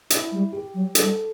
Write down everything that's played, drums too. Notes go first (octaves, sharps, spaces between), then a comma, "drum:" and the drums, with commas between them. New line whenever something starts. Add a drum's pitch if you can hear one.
E4, drum: hi-hat
G3
G4
F#3
G3 A4, drum: hi-hat